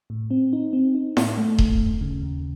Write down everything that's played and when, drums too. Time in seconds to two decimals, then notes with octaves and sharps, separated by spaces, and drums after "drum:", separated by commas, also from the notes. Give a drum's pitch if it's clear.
0.10 A2
0.31 C4
0.53 D#4
0.73 C4
0.95 D#4
1.17 A2, drum: snare E4
1.38 A3
1.58 D#2, drum: kick D#1
1.79 D#2
2.01 C#3
2.22 D#2